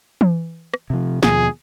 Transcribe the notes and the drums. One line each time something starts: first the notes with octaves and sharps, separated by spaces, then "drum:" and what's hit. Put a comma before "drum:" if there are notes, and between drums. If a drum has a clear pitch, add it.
drum: tom E3
drum: rim click
C3 F3
D#2 B2 F3 G#4, drum: snare